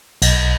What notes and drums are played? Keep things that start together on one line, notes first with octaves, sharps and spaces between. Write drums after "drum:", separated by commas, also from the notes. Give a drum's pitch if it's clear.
B1, drum: cymbal